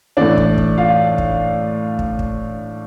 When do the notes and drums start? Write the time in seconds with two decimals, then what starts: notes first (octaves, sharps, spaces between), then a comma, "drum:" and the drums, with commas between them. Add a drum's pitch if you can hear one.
0.17 A2 E3 D4 D5
0.37 drum: kick
0.58 drum: kick
0.78 F4 F5
1.18 drum: kick
1.99 drum: kick
2.19 drum: kick